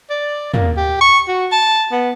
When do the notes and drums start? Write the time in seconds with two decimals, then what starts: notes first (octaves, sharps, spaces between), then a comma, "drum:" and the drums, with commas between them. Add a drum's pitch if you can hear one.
0.10 D5
0.54 A#3, drum: tom
0.77 G4
1.01 C#6
1.28 F#4
1.52 A5
1.92 B3